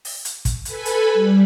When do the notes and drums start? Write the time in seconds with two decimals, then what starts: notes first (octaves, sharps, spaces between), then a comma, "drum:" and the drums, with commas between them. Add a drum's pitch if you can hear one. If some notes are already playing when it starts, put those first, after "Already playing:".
0.05 drum: open hi-hat
0.25 drum: hi-hat
0.45 drum: kick, hi-hat
0.65 A4 B4 G#5 B5, drum: hi-hat
0.85 drum: hi-hat
1.13 G3